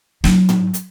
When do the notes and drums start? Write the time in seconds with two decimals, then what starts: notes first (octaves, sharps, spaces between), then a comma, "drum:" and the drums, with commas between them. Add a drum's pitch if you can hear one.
0.24 F#3 D#4, drum: snare
0.49 drum: tom
0.74 drum: hi-hat